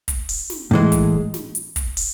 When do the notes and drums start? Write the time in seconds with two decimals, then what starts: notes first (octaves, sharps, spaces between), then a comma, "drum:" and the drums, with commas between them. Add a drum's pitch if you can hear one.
0.08 drum: kick, hi-hat
0.29 drum: open hi-hat
0.50 drum: snare
0.71 A2 E3 G#3
0.92 drum: kick, hi-hat
1.34 drum: snare
1.55 drum: hi-hat
1.76 drum: kick, hi-hat
1.97 drum: open hi-hat